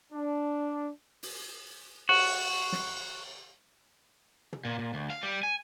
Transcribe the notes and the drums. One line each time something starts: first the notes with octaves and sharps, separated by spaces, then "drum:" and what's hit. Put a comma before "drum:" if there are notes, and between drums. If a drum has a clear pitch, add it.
D4
drum: open hi-hat
F#4, drum: cymbal
drum: snare
drum: tom
A#2
A#2
D2
F5
G3
G#5